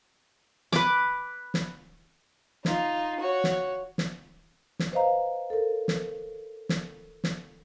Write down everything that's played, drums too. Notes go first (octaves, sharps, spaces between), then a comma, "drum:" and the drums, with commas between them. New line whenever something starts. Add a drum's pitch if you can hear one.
B4 D6, drum: snare
drum: snare
D#4 F4, drum: snare
F#4 C#5
drum: snare
drum: snare
drum: snare
B4 C5 D#5 F5 A#5
A4 A#4
drum: snare
drum: snare
drum: snare